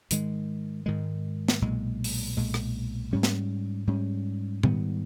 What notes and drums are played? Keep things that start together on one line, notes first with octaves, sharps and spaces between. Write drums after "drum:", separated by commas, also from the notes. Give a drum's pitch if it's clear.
G#2 D#3 G#3, drum: hi-hat
G#2 D#3 G#3
drum: snare
B1 A#2 G#3
drum: open hi-hat
B1 A#2 G#3
drum: rim click
G#2 G3 C#4
drum: snare
G#2 G3 C#4
G#2 D#3 G3 B3, drum: tom A#2